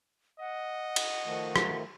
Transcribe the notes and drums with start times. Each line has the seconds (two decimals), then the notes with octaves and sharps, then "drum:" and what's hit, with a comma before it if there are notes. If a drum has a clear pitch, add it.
0.40 D#5 F#5
0.96 drum: cymbal
1.26 D#3 F3 A3
1.56 drum: rim click